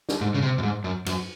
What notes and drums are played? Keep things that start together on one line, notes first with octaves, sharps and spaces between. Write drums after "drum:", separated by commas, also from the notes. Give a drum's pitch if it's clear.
drum: snare
G#2
C#3
C3
F#2
G#2
F#2
F#2, drum: cymbal